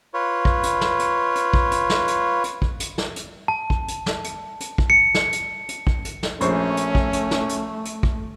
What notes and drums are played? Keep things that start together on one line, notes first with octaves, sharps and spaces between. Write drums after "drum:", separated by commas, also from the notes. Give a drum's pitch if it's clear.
F4 B4 C#5
drum: kick
drum: hi-hat
drum: snare
drum: hi-hat
drum: hi-hat
drum: kick
drum: hi-hat
drum: snare
drum: hi-hat
drum: hi-hat
drum: kick
drum: hi-hat
drum: snare
drum: hi-hat
A5
drum: kick
drum: hi-hat
drum: snare
drum: hi-hat
drum: hi-hat
drum: kick
C#7
drum: snare
drum: hi-hat
drum: hi-hat
drum: kick
drum: hi-hat
drum: snare
A#1 A3 C#4 C5 C#6, drum: hi-hat
drum: hi-hat
drum: kick
drum: hi-hat
drum: snare
drum: hi-hat
drum: hi-hat
drum: kick